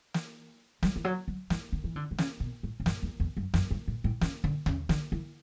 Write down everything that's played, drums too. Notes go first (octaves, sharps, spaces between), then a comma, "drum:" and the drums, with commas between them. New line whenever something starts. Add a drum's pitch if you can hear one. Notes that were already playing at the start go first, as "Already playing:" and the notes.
drum: snare
G3, drum: snare
E3
F#3
F#3
E3, drum: snare
D3
E3
D3
D3
C#3, drum: snare
B2
A2
F#2
G2, drum: snare
E2
E2
F#2
F#2, drum: snare
G2
A2
A2
C#3, drum: snare
D3
C#3, drum: tom D#2
D3, drum: snare
E3